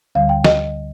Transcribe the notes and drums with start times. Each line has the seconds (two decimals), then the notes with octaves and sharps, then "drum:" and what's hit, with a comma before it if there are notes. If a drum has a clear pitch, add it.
0.15 D2 D3 G3 F5
0.29 G5
0.44 D#5, drum: snare